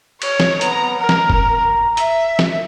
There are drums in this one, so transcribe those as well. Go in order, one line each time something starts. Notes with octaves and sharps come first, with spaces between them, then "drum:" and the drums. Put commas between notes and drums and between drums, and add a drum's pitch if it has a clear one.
C#5, drum: cymbal
drum: snare
B3 A#5, drum: hi-hat
A#4 A#5
drum: snare
drum: kick
E5, drum: hi-hat
drum: snare